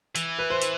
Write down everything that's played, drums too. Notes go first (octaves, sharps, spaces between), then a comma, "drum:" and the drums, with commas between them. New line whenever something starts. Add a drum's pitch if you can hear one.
E3, drum: hi-hat
B4
C5
drum: hi-hat